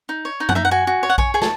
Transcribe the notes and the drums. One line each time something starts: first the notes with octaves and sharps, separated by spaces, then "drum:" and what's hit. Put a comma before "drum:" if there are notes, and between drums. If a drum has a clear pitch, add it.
D#4
C#5
D#4
F#5, drum: tom
D#4 E5
F#5
F#4 G#5
F#4
C#5
F#5
C#5 G#5, drum: kick A#1
G#4 G#5
A5, drum: snare